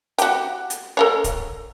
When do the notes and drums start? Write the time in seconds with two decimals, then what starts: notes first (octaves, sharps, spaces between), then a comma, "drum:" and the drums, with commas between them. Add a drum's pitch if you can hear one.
0.18 F#4 G4, drum: hi-hat
0.70 drum: hi-hat
0.97 A4 A#4 C#5
1.24 drum: kick D1, hi-hat